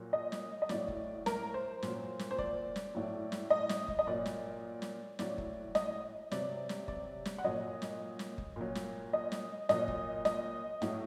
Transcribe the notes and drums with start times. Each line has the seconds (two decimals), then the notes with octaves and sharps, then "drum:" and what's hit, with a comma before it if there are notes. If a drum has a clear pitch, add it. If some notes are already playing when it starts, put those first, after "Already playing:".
Already playing: A#2 F#3
0.13 D#5
0.32 drum: snare
0.62 D#5
0.69 A2 F#3 D5, drum: snare
0.88 drum: kick F#1
1.26 A#4, drum: snare
1.54 C5
1.82 A#2 F#3, drum: snare
2.19 drum: snare
2.31 C5
2.38 D5, drum: kick F#1
2.76 drum: snare
2.95 A2 F#3
3.32 drum: snare
3.50 D#5
3.69 drum: snare
3.88 drum: kick F#1
3.99 D#5
4.07 A#2 F#3 D5
4.26 drum: snare
4.82 drum: snare
5.19 A2 F#3 D5, drum: snare
5.38 drum: kick F#1
5.75 D#5, drum: snare
6.31 C3 F#3 D5, drum: snare
6.69 drum: snare
6.88 D5, drum: kick F#1
7.25 drum: snare
7.38 F#5
7.44 A#2 F#3 D#5
7.82 drum: snare
8.19 drum: snare
8.38 drum: kick F#1
8.56 A#2 F#3
8.75 drum: snare
9.13 D#5
9.32 drum: snare
9.69 A#2 F#3 D#5, drum: snare
9.88 drum: kick F#1
10.25 D#5, drum: snare
10.82 A2 F#3, drum: snare